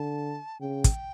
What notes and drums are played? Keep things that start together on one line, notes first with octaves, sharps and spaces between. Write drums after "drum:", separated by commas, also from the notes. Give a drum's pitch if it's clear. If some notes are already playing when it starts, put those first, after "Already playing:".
Already playing: D3 A5
C#3 G5
drum: kick, hi-hat